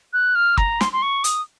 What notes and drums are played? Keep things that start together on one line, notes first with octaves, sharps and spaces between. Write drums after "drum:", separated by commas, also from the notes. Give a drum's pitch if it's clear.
F#6
F6
A#5, drum: kick
C6, drum: snare
C6
C#6
D#6, drum: hi-hat